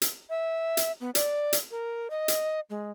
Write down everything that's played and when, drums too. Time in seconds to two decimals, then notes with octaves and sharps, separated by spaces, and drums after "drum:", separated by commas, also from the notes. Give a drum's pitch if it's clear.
0.02 drum: hi-hat
0.30 E5
0.77 drum: hi-hat
1.01 B3
1.15 D5, drum: hi-hat
1.53 drum: hi-hat
1.71 A#4
2.10 D#5
2.28 drum: hi-hat
2.70 G#3